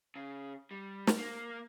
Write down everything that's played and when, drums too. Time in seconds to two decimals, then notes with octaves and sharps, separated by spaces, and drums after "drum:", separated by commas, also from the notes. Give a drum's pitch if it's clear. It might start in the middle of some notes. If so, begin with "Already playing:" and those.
0.15 C#3
0.71 G3
1.07 drum: snare
1.17 A#3